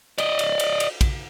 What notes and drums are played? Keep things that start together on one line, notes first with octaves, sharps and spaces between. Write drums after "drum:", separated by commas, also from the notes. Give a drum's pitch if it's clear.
D5 D#5, drum: cymbal
drum: cymbal
drum: cymbal
drum: cymbal
drum: kick, cymbal